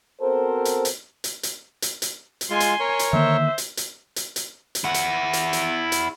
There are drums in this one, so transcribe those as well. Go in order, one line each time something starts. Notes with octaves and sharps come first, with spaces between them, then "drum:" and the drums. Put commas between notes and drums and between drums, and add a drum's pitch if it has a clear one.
B3 C4 F#4 A4 A#4 C5
drum: hi-hat
drum: hi-hat
drum: hi-hat
drum: hi-hat
drum: hi-hat
drum: hi-hat
drum: hi-hat
G#3 F4 G#5 C6
drum: hi-hat
A#4 C#5
drum: hi-hat
D3 D#3 A#3 C5 E5
drum: hi-hat
drum: hi-hat
drum: hi-hat
drum: hi-hat
drum: hi-hat
E4 F#5
drum: hi-hat
drum: hi-hat
drum: hi-hat
drum: hi-hat